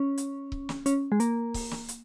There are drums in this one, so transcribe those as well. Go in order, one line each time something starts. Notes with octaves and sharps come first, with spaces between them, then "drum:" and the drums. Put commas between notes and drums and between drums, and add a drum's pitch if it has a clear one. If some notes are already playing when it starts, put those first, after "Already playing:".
Already playing: C#4
drum: hi-hat
drum: kick C#1
drum: snare
C#4, drum: hi-hat
G#3
A#3, drum: hi-hat
drum: kick C#1, open hi-hat
drum: snare
drum: hi-hat